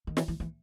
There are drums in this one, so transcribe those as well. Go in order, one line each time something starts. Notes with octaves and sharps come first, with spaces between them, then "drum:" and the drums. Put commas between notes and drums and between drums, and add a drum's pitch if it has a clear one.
D#3
E3, drum: snare
E3
E3